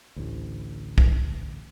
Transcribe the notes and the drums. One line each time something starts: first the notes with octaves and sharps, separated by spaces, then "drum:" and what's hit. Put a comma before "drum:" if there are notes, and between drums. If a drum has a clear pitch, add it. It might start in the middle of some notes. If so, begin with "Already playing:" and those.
A1 D2
drum: kick